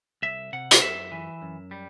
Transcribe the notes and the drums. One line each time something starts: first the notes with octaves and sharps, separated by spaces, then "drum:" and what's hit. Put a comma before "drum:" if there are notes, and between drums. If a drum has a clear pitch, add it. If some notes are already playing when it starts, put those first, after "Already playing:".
C2 E5
C3 F#5
drum: hi-hat
F#2 E5
E3
F#2
G3